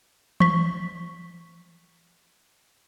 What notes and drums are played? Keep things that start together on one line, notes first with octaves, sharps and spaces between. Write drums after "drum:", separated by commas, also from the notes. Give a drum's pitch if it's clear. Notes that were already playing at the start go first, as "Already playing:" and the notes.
C#6 B6, drum: tom E3